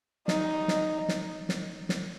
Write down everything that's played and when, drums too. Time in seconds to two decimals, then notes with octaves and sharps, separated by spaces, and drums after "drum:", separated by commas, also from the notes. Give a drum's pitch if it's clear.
0.28 D#4, drum: snare
0.68 drum: snare
1.09 drum: snare
1.49 drum: snare
1.89 drum: snare